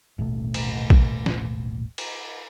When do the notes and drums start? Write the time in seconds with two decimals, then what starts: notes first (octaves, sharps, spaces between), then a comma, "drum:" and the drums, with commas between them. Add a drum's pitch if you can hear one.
0.18 D#1 A1 B2 A3
0.54 drum: cymbal
0.90 drum: kick
1.26 drum: snare
1.98 drum: cymbal